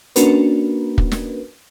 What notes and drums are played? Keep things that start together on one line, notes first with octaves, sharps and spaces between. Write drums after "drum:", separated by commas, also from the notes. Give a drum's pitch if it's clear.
A#3 C#4 D4 F#4 A#4 B4, drum: hi-hat
drum: kick
drum: snare